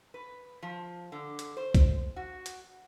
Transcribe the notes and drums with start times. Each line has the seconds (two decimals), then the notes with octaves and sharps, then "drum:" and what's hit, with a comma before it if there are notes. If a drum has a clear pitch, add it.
0.14 B4
0.63 F3
1.12 D3
1.39 drum: hi-hat
1.57 C5
1.75 drum: kick B1, hi-hat
2.16 F#4
2.46 drum: hi-hat